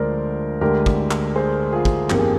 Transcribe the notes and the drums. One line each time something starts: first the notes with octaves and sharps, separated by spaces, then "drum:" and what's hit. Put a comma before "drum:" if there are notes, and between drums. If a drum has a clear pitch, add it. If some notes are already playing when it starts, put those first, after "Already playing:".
Already playing: D2 D3 F3 G#3 A#4 C5 D5
D2 D3 G#3 G4 A#4
drum: kick
drum: clap
G#4 C5
F4 G#4
drum: kick
G1 F2 D#3 A#3 G4, drum: clap
G#4